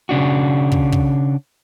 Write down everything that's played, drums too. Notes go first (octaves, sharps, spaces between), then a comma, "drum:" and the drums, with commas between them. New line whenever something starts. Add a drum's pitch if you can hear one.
C#3 D4 F#4
drum: kick
drum: kick